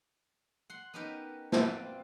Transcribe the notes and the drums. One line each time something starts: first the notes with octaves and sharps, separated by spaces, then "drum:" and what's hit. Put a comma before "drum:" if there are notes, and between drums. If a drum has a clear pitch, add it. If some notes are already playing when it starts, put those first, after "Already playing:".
F#5 C6
B3 C#4 D#4 G4 A#4 B4
C4 F4 F#4 B4 D5 G5, drum: snare